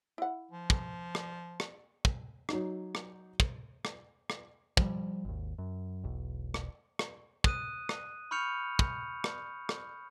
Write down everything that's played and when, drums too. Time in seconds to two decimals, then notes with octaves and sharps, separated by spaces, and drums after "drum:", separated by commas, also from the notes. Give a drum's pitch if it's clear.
0.18 E4 F#5
0.51 F3
0.70 drum: kick
1.15 drum: rim click
1.60 drum: rim click
2.05 drum: kick
2.49 F#3 D#4, drum: rim click
2.95 drum: rim click
3.40 drum: kick
3.85 drum: rim click
4.30 drum: rim click
4.77 F3 G3, drum: kick
5.25 G#1 D#2
5.58 F#2
6.04 E1 B1
6.54 drum: rim click
6.99 drum: rim click
7.44 D#6 F#6 D#7, drum: kick
7.89 drum: rim click
8.31 B5 C#6 F6 G6 C#7 F7
8.79 drum: kick
9.24 drum: rim click
9.69 drum: rim click